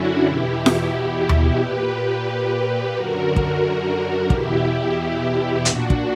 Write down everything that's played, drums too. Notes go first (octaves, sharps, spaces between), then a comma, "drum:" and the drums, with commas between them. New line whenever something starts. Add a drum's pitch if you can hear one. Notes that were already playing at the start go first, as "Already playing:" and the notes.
Already playing: F#2 D3 C#4 D4 E4 F#4
E2 B2 E4 G4
drum: snare F4
drum: tom D#2
A#2 G4 B4
F#2 D3 F#4 A#4
drum: kick
E2 B2 E4 G4, drum: kick
A#2 D4 F#4, drum: hi-hat
drum: kick